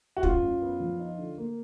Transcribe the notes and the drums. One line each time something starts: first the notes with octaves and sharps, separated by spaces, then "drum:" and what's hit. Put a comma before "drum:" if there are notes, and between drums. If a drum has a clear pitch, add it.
F#4
F#2 F4, drum: kick
F#2
B3
F3
D#4
D3
A#3